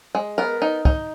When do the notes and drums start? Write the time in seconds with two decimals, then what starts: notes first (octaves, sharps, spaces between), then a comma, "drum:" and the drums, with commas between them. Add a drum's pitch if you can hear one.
0.15 G#3
0.38 B3 A#4
0.62 D#4
0.85 D#4, drum: kick